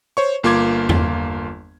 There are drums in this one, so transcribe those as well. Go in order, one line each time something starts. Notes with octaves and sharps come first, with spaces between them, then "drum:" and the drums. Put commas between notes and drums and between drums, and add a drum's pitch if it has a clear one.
C5 C#5 C#6
G1 A#3 F4 C6 D6 G#6
drum: tom E2